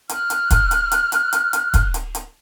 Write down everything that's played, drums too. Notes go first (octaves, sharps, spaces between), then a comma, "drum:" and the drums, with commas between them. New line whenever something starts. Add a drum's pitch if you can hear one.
F6 F#6, drum: hi-hat
drum: hi-hat
drum: kick, hi-hat
drum: hi-hat
drum: hi-hat
drum: hi-hat
drum: hi-hat
drum: hi-hat
drum: kick, hi-hat
drum: hi-hat
drum: hi-hat